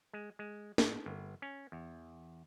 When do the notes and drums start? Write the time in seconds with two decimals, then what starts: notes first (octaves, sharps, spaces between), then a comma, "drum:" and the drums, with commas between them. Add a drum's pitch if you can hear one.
0.13 G#3
0.39 G#3
0.78 A2, drum: snare
1.06 G1
1.42 C#4
1.72 E2